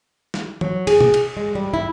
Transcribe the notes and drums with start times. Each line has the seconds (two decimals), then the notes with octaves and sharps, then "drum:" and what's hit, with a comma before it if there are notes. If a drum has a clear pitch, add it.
0.34 drum: snare
0.61 F#3, drum: tom
0.87 G#4, drum: cymbal
1.01 drum: tom
1.14 drum: cymbal
1.37 G#3
1.55 G3
1.74 E4